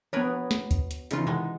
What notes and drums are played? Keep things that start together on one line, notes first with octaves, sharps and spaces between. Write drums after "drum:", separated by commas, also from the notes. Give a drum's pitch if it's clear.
F3 B3 D4 A#4 B4 C#5
drum: snare
drum: kick D2, hi-hat
drum: hi-hat
C#3 E3 D#4 F4, drum: hi-hat
C3 D#3 G#3 B3